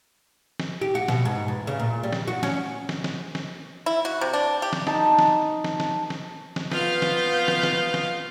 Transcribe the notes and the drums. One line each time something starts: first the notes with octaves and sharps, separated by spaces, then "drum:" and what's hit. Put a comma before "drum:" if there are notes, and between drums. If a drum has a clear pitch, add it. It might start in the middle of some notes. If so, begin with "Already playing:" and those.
drum: snare
G4
F#4
B2, drum: snare
G#2
E2
C#3
A#2
G3
drum: snare
F#4
C#4, drum: snare
drum: snare
drum: snare
drum: snare
E4
F#4
C3
D4
G4
drum: snare
D#4 A5, drum: snare
drum: snare
drum: snare
drum: snare
drum: snare
drum: snare
B3 F4 F5 G6, drum: snare
drum: snare
drum: snare
drum: snare
drum: snare